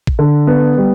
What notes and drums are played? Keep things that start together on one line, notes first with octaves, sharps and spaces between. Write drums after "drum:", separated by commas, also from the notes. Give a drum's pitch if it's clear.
drum: kick
D3
B3
G3